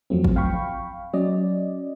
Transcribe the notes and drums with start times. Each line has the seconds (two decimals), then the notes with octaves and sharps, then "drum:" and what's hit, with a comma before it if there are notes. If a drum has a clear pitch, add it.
0.10 F2 F3 F#3 A3 C4
0.24 drum: kick G#1
0.36 F5 G5 B5 C#6
1.14 F#3 C#4 D5 D#5